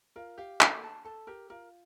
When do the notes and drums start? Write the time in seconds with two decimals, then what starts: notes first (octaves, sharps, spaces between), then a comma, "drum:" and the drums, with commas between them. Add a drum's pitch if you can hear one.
0.16 F4 A#4
0.38 G4 F5
0.61 A4 A#4, drum: clap
0.83 A5
1.05 A4 A5
1.27 G4 A#4
1.50 F4 A#4